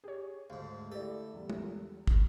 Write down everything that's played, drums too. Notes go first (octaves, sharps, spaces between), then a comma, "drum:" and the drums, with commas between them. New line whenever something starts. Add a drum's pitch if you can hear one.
G4 G#4 C#5
D2 G#2 A3 F5
A3 E4 G4 A4 D5
E2 G3
drum: tom
drum: kick